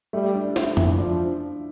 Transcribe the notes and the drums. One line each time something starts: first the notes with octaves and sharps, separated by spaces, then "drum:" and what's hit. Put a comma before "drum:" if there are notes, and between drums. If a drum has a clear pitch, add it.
G3 A3
D4
E4, drum: snare
E4, drum: tom F2
F3 D4